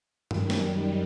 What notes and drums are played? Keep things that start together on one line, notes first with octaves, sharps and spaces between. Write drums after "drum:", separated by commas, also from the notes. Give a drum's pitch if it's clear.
F#2 D#3 G3, drum: tom G2
drum: snare